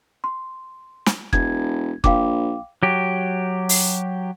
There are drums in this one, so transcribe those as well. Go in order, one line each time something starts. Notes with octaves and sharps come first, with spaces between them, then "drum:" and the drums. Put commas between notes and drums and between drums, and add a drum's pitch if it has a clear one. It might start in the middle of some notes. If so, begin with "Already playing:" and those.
C6
drum: snare
E1 G#6, drum: kick F#1
A#1 F5 G5 D6, drum: kick F#1
F#3 G4
drum: open hi-hat